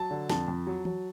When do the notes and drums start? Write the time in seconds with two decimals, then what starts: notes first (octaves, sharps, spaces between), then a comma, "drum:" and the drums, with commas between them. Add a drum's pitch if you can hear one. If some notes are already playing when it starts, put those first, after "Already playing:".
Already playing: F#3 A5
0.11 D3
0.29 F2 A5, drum: snare
0.48 F2
0.67 F#3
0.85 F#3, drum: tom E3